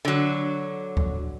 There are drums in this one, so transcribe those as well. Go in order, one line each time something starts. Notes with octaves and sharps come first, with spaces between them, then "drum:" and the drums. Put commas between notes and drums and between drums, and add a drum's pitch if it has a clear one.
D3 F#3
drum: kick C#2